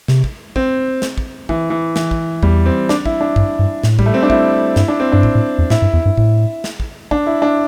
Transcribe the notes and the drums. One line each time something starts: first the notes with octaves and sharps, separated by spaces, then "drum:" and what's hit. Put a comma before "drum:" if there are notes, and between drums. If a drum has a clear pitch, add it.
C3, drum: snare
drum: kick
C4, drum: kick
drum: snare
drum: kick
E3, drum: kick
E3
E3, drum: snare
drum: kick
E2 G3, drum: kick
C4
D4, drum: snare
E4, drum: kick
D4
G2, drum: kick
G2
A2, drum: snare
G3, drum: kick
A3
C4
D4
E4, drum: kick
G2 E4, drum: snare
D4
C4
G2 D4
A2, drum: kick
A2
E2
A2 E4, drum: snare
G2
E2
G2
A2, drum: kick
drum: snare
drum: kick
D4, drum: kick
E4
D4